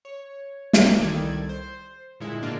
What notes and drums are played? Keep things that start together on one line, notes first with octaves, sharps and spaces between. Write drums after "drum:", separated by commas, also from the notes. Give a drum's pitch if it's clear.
C#5
E3 F#3 G3 D#4 E4, drum: snare
C2 D#3 G3 A4 D5 G#6
C5
A#2 D3 G#3 E4
G#2 D3 G#3 A#3 D4 F4